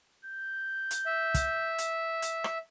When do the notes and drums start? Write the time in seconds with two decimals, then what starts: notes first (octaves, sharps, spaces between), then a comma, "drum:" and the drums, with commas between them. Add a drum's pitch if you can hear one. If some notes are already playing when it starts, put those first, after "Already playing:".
0.25 G6
0.91 drum: hi-hat
1.06 E5
1.35 drum: kick, hi-hat
1.78 drum: hi-hat
2.22 drum: hi-hat
2.44 drum: rim click